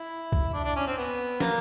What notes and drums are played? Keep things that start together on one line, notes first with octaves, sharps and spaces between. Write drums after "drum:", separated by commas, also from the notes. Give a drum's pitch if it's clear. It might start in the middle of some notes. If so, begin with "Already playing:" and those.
Already playing: E4
drum: kick C2
D4
D4
C#4
C4
B3
A#3, drum: snare